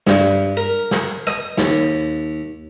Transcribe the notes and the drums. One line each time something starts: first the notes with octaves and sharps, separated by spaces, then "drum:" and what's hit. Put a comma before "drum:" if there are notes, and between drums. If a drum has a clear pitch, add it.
G2, drum: snare
A#4
drum: snare
D#5, drum: rim click
D#2, drum: snare